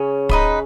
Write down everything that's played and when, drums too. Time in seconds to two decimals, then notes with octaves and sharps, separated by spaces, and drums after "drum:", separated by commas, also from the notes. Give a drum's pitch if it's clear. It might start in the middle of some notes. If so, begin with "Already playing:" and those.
Already playing: C#3 C#4
0.29 D#4 B4 D#5 B5, drum: kick